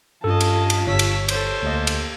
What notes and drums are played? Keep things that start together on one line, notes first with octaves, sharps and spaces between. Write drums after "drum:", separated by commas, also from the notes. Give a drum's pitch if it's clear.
G2 C#4 F4 A4 D#5 A5
drum: cymbal
drum: cymbal
G1 C#5 E6 B6
drum: cymbal
A4 C5, drum: cymbal
D2 A#3 D#5
drum: cymbal